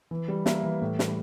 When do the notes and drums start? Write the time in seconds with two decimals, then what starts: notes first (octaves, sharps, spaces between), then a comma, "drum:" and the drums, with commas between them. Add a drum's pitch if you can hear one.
0.11 E3
0.28 G3
0.46 A#3 E5, drum: snare
0.63 E3
0.81 A2
0.99 G3, drum: snare